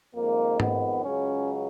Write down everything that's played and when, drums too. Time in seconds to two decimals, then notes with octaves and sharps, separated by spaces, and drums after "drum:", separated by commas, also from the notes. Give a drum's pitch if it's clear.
0.16 F2 D#3 G#3 A#3
0.60 B3, drum: tom G#2
1.04 C#2 C#3 F#3 C#4